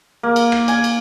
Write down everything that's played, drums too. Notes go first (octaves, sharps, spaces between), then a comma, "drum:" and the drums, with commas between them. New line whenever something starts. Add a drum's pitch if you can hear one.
A#3
drum: cymbal
drum: rim click
G#5, drum: cymbal
drum: cymbal